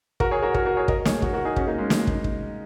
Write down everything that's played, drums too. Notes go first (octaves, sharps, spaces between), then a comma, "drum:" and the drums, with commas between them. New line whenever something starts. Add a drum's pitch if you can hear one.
F#4 A#4, drum: kick
G#4 C#5
F#4 A#4
F#4 A#4, drum: kick
F#4 A#4
G#4 C#5
A#4 D#5, drum: kick
G#4 C#5, drum: snare
F#4 A#4, drum: kick
F#4 A#4
D#4 G#4
C#4 F#4, drum: kick
A#3 D#4
G#3 C#4
drum: snare
drum: kick
drum: kick